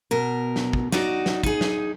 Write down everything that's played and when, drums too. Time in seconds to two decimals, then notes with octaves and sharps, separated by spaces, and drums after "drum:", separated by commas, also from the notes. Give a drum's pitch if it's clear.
0.11 B2 A#4
0.56 drum: snare
0.73 drum: kick
0.92 D#4 F#4 D5, drum: snare
1.26 drum: snare
1.43 D#4 G#4, drum: kick
1.61 drum: snare